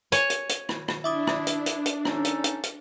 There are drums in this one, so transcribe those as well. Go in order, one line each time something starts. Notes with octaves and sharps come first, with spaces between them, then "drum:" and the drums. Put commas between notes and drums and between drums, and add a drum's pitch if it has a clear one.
C#5 G#5, drum: hi-hat
drum: hi-hat
drum: hi-hat
drum: rim click
drum: rim click
D4 E4 E5 D6 D#6
drum: rim click
drum: hi-hat
drum: hi-hat
drum: hi-hat
C#4 D#4 A4, drum: rim click
drum: hi-hat
drum: hi-hat
drum: hi-hat